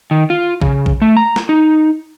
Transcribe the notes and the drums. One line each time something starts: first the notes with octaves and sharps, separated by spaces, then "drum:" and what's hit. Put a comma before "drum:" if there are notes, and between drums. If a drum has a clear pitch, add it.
D#3
F4
C#3, drum: kick
drum: kick
A3
A#5
drum: snare
D#4